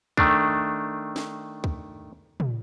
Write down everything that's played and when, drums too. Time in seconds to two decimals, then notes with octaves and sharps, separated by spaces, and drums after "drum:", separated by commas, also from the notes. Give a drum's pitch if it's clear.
0.17 D#3 A3 D4, drum: kick
1.16 drum: snare
1.64 drum: kick
2.40 drum: tom